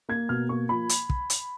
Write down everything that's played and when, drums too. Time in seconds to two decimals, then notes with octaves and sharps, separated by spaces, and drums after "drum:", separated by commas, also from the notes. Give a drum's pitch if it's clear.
0.09 A#3 G#6
0.29 B2 F6
0.49 A#3 C#6
0.69 F3 B5
0.89 drum: hi-hat
1.10 drum: kick
1.30 drum: hi-hat